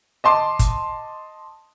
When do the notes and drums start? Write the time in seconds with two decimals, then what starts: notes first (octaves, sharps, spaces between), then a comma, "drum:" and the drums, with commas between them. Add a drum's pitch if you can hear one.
0.24 D#5 A5 C6 D6
0.59 drum: kick G1, hi-hat